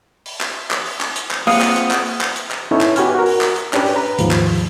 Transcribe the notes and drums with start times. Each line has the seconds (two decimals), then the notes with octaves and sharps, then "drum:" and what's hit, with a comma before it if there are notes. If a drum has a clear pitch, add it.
0.26 drum: open hi-hat
0.41 drum: clap
0.71 drum: clap
0.86 drum: open hi-hat
1.01 drum: clap
1.16 drum: hi-hat
1.31 drum: clap
1.47 A#3 C4 F4 G#4 B4 F5 F#5 D#6, drum: open hi-hat
1.61 drum: clap
1.76 drum: hi-hat
1.91 drum: clap
2.06 drum: open hi-hat
2.21 drum: clap
2.36 drum: hi-hat
2.51 drum: clap
2.71 B3 C#4 D#4 E4 A4 C#5
2.81 drum: clap
2.96 F#4 G4 B4 G#5 C#6 F6, drum: hi-hat
3.15 F#4 A#4
3.26 drum: open hi-hat
3.41 drum: clap
3.56 drum: hi-hat
3.73 C#4 D4 G4 B4, drum: clap
3.86 drum: open hi-hat
3.96 B4 A#5
4.19 D#2 G#2 F3, drum: hi-hat
4.31 drum: clap
4.46 drum: open hi-hat